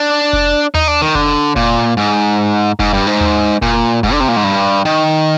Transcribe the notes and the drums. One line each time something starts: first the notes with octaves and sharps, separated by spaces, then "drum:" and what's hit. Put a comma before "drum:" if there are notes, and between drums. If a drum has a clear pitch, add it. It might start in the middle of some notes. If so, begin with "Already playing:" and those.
Already playing: D4
drum: kick F1
D#4, drum: tom D#2
D4
D#3
D3, drum: kick F1
A#2, drum: kick F1
G#2
G#2, drum: kick F1
G2
G#2
drum: tom D#2
A#2, drum: kick F1
G#2, drum: kick F1
D3
C3
A#2
G#2
G2
D#3